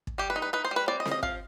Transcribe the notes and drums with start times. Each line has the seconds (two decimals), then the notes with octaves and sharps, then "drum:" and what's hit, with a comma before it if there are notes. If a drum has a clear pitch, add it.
0.07 drum: kick
0.18 G3 G4
0.30 B4
0.36 D#4
0.42 B4
0.53 D#4 B4
0.65 C5
0.71 G3
0.76 B4
0.88 C4 D5
1.00 D#5
1.05 F3, drum: snare C4
1.11 D#5
1.23 F3 F5, drum: kick